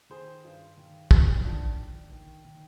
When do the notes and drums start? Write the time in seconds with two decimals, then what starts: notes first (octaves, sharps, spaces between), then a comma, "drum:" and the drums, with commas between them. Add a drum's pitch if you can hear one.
0.10 D#3 G#4 C5
0.44 G2
0.77 D#3
1.11 D#3, drum: kick
1.44 D#3 D4 F4
1.78 D#3
2.12 D#3
2.45 D#3